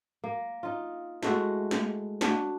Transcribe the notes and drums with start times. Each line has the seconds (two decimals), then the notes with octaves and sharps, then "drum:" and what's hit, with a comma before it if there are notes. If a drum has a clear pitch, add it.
0.24 A#3
0.63 D#4 F4
1.23 G#3 A3 E4 F#4, drum: snare
1.71 drum: snare
2.21 D4 F#4, drum: snare